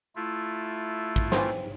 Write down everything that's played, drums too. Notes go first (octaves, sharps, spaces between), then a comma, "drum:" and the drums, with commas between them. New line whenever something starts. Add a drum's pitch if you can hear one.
A3 E4 F4
drum: kick
E3 C4 C5, drum: snare